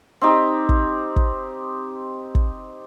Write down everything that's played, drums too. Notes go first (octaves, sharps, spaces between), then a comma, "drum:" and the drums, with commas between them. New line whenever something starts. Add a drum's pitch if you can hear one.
C4 D#4 G4
drum: kick
drum: kick
drum: kick